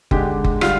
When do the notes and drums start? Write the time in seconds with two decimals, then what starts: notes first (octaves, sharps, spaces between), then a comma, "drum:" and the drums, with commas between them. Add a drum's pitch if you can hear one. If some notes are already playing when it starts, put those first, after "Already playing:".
0.11 D3 G#3 G4, drum: kick F#1
0.44 drum: kick F#1
0.61 D3 G3 F4, drum: rim click